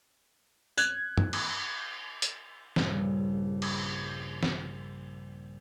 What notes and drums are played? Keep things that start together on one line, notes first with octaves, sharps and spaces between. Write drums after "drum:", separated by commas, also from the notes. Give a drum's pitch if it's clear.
F#6 G#6, drum: tambourine
drum: tom
drum: cymbal
drum: hi-hat
A#1 G2 C#3, drum: snare
drum: cymbal
drum: snare